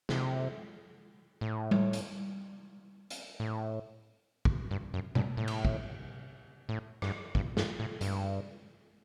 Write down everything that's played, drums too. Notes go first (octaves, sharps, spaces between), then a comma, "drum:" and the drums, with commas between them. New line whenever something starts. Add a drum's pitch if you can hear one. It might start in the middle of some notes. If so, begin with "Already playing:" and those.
C3, drum: snare
A2
drum: tom G3
drum: hi-hat
drum: hi-hat
A2
drum: kick
G2
F#2
G2, drum: tom B2
A2
drum: cymbal
drum: kick
A2
G2, drum: rim click
G2, drum: kick
G2, drum: snare
A2
G2, drum: hi-hat